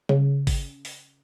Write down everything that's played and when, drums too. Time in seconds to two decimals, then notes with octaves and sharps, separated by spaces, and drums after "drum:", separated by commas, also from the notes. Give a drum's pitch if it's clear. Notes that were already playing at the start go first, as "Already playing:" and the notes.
0.09 C#3, drum: tom
0.47 drum: kick, open hi-hat
0.85 drum: open hi-hat